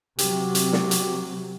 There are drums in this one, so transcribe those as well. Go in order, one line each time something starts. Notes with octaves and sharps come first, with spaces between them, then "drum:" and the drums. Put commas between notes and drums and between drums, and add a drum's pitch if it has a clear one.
C3 F#3 G4, drum: hi-hat
drum: hi-hat
drum: snare
drum: hi-hat